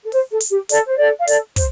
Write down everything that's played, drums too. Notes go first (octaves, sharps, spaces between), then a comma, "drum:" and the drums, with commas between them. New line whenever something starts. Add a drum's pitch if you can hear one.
A4
C5, drum: open hi-hat
A4
drum: hi-hat
G4
A4 D5, drum: hi-hat
C5
A4 D5
F5
A4 D5, drum: hi-hat
C5, drum: kick, hi-hat